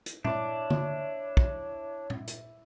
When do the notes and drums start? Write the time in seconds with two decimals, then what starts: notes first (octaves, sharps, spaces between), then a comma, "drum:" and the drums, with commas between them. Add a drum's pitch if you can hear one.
0.06 drum: hi-hat
0.24 D4 E4 C#5 D6, drum: tom A#2
0.70 drum: tom D3
1.37 drum: kick
2.10 drum: tom A#2
2.27 drum: hi-hat